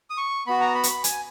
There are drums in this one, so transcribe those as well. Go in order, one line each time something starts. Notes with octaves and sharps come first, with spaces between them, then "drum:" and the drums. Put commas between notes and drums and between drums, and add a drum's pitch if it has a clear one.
D#6
C#6
B3 F#4 B5
A#5
B5
C#6, drum: hi-hat
B5
G#5, drum: hi-hat